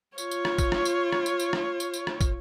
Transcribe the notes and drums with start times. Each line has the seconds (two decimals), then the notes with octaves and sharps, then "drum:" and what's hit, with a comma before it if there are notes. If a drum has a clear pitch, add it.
0.18 F4 C#5, drum: tambourine
0.31 drum: tambourine
0.45 drum: rim click
0.58 drum: kick, tambourine
0.72 drum: rim click
0.85 drum: tambourine
1.12 drum: rim click
1.26 drum: tambourine
1.40 drum: tambourine
1.53 drum: rim click
1.80 drum: tambourine
1.94 drum: tambourine
2.07 drum: rim click
2.21 drum: kick, tambourine